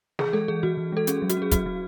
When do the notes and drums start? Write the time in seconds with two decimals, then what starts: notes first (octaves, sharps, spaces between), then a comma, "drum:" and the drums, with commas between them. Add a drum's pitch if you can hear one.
0.19 E3 G#4, drum: snare
0.33 G#3 A4
0.48 E3 G#4
0.63 E3 F#4
0.77 E3
0.92 G#3 A4
1.07 C#4 G#4, drum: hi-hat
1.22 F#3
1.29 F#4, drum: hi-hat
1.37 C#4 G#4
1.51 F#3 F#4, drum: kick, hi-hat
1.66 F#3